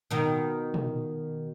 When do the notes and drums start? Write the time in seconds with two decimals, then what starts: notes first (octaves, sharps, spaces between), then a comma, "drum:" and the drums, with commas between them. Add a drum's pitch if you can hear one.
0.11 B2 D#3
0.74 drum: tom